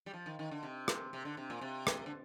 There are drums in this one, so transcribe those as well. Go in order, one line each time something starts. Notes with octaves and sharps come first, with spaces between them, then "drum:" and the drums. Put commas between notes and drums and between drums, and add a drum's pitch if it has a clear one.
G3
F3
D#3
D#3
D3
C3
drum: rim click
C3
D3
C3
A#2
C3
drum: rim click
D3